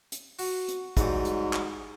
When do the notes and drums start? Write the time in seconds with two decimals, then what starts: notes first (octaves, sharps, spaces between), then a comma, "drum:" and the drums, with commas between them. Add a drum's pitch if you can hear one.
0.12 drum: hi-hat
0.39 F#4, drum: open hi-hat
0.68 drum: hi-hat
0.97 G#2 E3 F#3 G3, drum: kick, hi-hat
1.25 drum: hi-hat
1.53 drum: clap